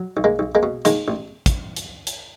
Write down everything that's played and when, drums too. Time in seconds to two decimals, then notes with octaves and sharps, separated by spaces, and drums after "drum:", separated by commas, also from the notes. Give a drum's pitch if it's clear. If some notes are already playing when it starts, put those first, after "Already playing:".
Already playing: F#3
0.17 B1
0.24 G#3 A#3
0.39 B1
0.55 G#3 A#3
0.63 B2
0.85 D#3 G#3 A#3, drum: hi-hat
1.08 A1
1.46 drum: kick, hi-hat
1.76 drum: hi-hat
2.07 drum: hi-hat